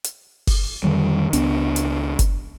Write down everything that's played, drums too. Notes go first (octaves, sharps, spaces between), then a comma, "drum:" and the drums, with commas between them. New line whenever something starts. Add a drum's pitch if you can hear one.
drum: hi-hat
drum: kick F#1, open hi-hat
F2 D3 D#3 G3
C#2 B3 D4, drum: hi-hat
drum: hi-hat
drum: kick F#1, hi-hat